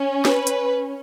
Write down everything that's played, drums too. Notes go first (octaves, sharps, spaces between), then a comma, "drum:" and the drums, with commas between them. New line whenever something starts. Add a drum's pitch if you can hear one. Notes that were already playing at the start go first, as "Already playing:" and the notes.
Already playing: C#4
B4, drum: snare
drum: hi-hat